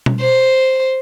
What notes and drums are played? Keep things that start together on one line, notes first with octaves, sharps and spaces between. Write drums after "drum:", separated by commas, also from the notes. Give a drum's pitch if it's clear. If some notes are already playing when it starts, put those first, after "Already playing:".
drum: tom B2
C5